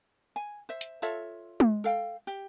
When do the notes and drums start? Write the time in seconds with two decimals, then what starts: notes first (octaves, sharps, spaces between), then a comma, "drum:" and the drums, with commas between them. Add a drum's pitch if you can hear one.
0.36 G#5
0.69 C5 E5
0.81 drum: hi-hat
1.02 F4 A4 C#5 E5
1.60 drum: tom G#3
1.84 A4 F5 G5
2.27 G4